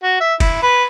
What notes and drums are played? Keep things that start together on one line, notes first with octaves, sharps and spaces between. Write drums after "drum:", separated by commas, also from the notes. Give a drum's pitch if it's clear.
F#4
E5
E4, drum: kick, cymbal
B4